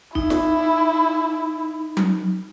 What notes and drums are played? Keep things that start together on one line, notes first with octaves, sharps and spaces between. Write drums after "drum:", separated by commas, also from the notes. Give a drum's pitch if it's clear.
D#4 E4, drum: kick
drum: snare
drum: tom F#3